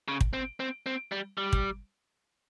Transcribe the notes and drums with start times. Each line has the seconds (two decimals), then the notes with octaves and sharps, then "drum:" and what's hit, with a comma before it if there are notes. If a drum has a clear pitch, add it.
0.08 C#3
0.21 drum: kick
0.33 C4
0.60 C4
0.86 C4
1.12 G3
1.38 G3
1.53 drum: kick